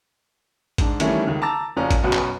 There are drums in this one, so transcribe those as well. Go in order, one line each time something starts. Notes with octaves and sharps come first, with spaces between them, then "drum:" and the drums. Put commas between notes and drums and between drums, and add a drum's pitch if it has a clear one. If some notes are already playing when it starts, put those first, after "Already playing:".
G#2 D4, drum: kick, hi-hat
D#3 E3 G3 A3 C#4 E4, drum: hi-hat
C#2 D#3
A5 A#5 D6 E6 A6
F#1 F3 C#4 D5 A#5
drum: kick, hi-hat
F#2 B2 B3
drum: clap